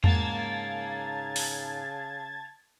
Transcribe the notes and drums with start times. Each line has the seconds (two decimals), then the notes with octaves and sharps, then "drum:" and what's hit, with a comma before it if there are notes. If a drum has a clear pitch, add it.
0.04 G#2 C#3 A#3 F5 A5 A#5 G#6 A6, drum: tom E2
1.36 drum: open hi-hat